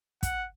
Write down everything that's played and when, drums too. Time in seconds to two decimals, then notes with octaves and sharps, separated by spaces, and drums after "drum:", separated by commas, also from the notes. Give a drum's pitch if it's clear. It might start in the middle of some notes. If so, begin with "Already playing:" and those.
0.23 F#5, drum: kick, hi-hat